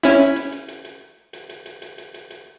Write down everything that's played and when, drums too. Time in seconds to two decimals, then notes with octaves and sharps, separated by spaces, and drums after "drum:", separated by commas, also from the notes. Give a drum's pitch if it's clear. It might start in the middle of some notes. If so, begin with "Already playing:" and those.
0.04 C#4 E4, drum: hi-hat
0.20 drum: hi-hat
0.36 drum: hi-hat
0.52 drum: hi-hat
0.68 drum: hi-hat
0.85 drum: hi-hat
1.33 drum: hi-hat
1.49 drum: hi-hat
1.66 drum: hi-hat
1.82 drum: hi-hat
1.98 drum: hi-hat
2.14 drum: hi-hat
2.30 drum: hi-hat